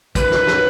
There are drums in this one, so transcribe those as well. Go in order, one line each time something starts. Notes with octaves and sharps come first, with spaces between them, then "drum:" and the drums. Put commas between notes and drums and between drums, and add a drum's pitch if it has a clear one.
F#2 D#3 F#3 B4, drum: kick, hi-hat
drum: snare
drum: snare